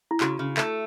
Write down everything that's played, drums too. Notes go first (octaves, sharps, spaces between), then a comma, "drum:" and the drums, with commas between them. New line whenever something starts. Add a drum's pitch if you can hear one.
E4
C#3 F#4, drum: clap
C#3
A3, drum: clap